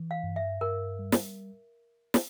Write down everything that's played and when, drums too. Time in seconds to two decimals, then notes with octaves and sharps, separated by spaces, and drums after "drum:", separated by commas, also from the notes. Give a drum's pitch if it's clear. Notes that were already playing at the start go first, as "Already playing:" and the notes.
Already playing: E3
0.11 F5
0.24 G2
0.36 E5
0.61 G2 A#4
0.99 G3
1.12 drum: snare
2.14 drum: snare